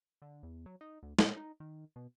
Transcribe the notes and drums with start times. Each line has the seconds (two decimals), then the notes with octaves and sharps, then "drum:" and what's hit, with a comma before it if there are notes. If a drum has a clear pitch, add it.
0.22 D3
0.43 E2
0.66 F#3
0.81 D#4
1.03 D2
1.19 A#2, drum: snare
1.37 D#4
1.60 D#3
1.96 B2